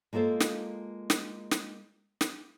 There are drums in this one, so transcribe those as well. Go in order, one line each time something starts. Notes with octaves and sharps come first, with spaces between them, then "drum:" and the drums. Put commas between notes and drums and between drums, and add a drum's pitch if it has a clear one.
G#3 A#3 F4 A4 C5
drum: snare
drum: snare
drum: snare
drum: snare